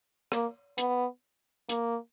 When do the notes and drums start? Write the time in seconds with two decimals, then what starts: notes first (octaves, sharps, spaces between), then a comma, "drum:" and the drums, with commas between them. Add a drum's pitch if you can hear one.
0.32 A#3, drum: rim click
0.78 B3, drum: hi-hat
1.69 A#3, drum: hi-hat